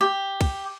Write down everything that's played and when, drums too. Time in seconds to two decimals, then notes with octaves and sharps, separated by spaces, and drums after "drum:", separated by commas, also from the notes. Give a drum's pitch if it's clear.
0.01 G4
0.41 drum: kick, cymbal